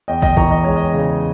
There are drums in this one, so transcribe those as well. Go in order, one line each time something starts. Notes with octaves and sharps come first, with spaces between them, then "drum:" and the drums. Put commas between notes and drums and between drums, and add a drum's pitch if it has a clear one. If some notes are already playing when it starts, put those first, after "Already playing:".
E2 D#5 G5
D#5 G5, drum: kick
E3 A#5 C#6, drum: kick
D#5
G#3 C#5
D#5
C#3